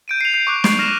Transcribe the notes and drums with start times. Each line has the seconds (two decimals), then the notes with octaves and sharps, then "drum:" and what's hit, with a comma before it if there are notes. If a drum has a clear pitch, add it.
0.08 G6 D7 D#7
0.21 C7 F7
0.33 G6 C7 F7
0.47 C#6 D6 F#6 G6
0.64 C#6 G6 C7 F#7, drum: snare
0.78 C#6 F6 A#6 D#7 E7